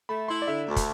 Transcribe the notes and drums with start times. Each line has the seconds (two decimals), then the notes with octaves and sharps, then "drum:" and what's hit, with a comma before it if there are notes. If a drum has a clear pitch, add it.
0.09 A3 B5
0.28 E4 C6
0.42 D5
0.48 D3 E5
0.67 D2
0.76 drum: kick, hi-hat